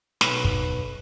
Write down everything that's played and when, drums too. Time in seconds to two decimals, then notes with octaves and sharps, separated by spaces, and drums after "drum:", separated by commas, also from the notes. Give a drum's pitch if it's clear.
0.21 B1 B4, drum: snare
0.45 drum: kick